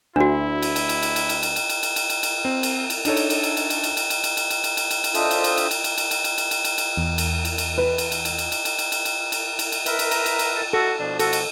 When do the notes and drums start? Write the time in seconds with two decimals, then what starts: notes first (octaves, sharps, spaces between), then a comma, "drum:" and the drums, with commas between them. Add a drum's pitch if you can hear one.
0.16 D2 D4 E4 F#4
0.62 drum: cymbal
0.76 drum: cymbal
0.89 drum: cymbal
1.03 drum: cymbal
1.16 drum: cymbal
1.29 drum: cymbal
1.43 drum: cymbal
1.56 drum: cymbal
1.69 drum: cymbal
1.83 drum: cymbal
1.96 drum: cymbal
2.10 drum: cymbal
2.23 drum: cymbal
2.45 C4
2.63 drum: cymbal
2.90 drum: cymbal
3.05 D4 D#4 A4 C#5, drum: cymbal
3.17 drum: cymbal
3.30 drum: cymbal
3.43 drum: cymbal
3.57 drum: cymbal
3.70 drum: cymbal
3.84 drum: cymbal
3.97 drum: cymbal
4.10 drum: cymbal
4.24 drum: cymbal
4.37 drum: cymbal
4.50 drum: cymbal
4.64 drum: cymbal
4.77 drum: cymbal
4.91 drum: cymbal
5.04 drum: cymbal
5.15 D4 F4 A4 C5 D#5 E5, drum: cymbal
5.31 drum: cymbal
5.44 drum: cymbal
5.57 drum: cymbal
5.71 drum: cymbal
5.84 drum: cymbal
5.98 drum: cymbal
6.11 drum: cymbal
6.24 drum: cymbal
6.38 drum: cymbal
6.51 drum: cymbal
6.65 drum: cymbal
6.78 drum: cymbal
6.97 E2
7.18 drum: cymbal
7.45 drum: cymbal
7.58 drum: cymbal
7.78 B4
7.98 drum: cymbal
8.12 drum: cymbal
8.25 drum: cymbal
8.38 drum: cymbal
8.52 drum: cymbal
8.65 drum: cymbal
8.79 drum: cymbal
8.92 drum: cymbal
9.05 drum: cymbal
9.32 drum: cymbal
9.59 drum: cymbal
9.72 drum: cymbal
9.86 A#4 B4 E5, drum: cymbal
9.99 drum: cymbal
10.11 A#5, drum: cymbal
10.26 drum: cymbal
10.39 drum: cymbal
10.56 A4
10.73 F#4 A4
10.99 B2 F3 D4
11.19 F#4 A4, drum: cymbal
11.33 drum: cymbal